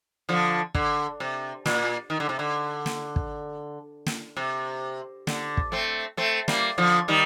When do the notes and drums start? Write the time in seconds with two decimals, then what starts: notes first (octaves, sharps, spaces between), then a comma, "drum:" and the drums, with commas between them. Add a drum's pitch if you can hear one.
0.29 D3 F3
0.75 D3, drum: kick
1.20 C3
1.66 A#2, drum: snare
2.10 D#3
2.20 D3
2.29 C3
2.39 D3
2.86 drum: snare
3.16 drum: kick
4.06 drum: snare
4.37 C3
5.27 D3, drum: snare
5.57 drum: kick
5.72 A3 C4
6.17 A3 C4
6.48 G3 A#3, drum: snare
6.78 D3 F3
7.08 D#3 G3